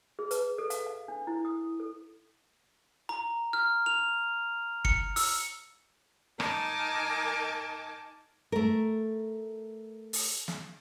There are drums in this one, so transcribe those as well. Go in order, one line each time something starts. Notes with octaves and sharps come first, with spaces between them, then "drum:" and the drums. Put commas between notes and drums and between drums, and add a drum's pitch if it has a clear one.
G#4
B4, drum: hi-hat
A4
F5, drum: hi-hat
F5
D4
E4
D#6
A4
A#5
F6
F7
C#7, drum: kick
E6, drum: open hi-hat
D#4 A#4 D#5 G#5 A5 D6, drum: rim click
A3 A#4
drum: open hi-hat
drum: snare